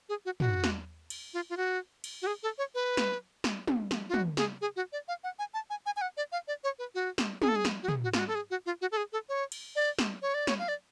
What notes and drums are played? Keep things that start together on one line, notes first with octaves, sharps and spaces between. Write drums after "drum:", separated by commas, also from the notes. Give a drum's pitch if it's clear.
G#4
F#4
F#4, drum: tom
drum: snare
drum: cymbal
F4
F4
F#4
drum: cymbal
F#4
G#4
A4
C#5
B4
drum: snare
drum: snare
drum: tom
drum: snare
F4
F#4, drum: tom
G#4, drum: snare
G#4
F#4
D5
F5
F#5
G#5
A5
G#5
G#5
G#5
F#5
D5
F5
D5
C#5
B4
F#4
drum: snare
G#4, drum: tom
A4
G#4
drum: snare
F#4
G#4, drum: tom
F#4
F4, drum: snare
F#4
A4
G#4
F#4
F4
F#4
A4
G#4
A4
C#5
drum: cymbal
D5
drum: snare
C#5
D5
C#5, drum: snare
F5
D5